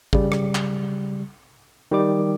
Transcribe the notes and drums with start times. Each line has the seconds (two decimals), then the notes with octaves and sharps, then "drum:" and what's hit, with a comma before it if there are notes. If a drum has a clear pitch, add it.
0.13 C#3 G3, drum: kick G#1
0.32 drum: rim click
0.55 drum: clap
1.91 D#3 G3 D6